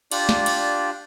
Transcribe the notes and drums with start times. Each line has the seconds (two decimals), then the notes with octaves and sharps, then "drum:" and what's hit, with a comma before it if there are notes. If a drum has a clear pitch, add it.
0.11 D4 F4 G4 D5, drum: cymbal
0.29 drum: snare
0.46 drum: cymbal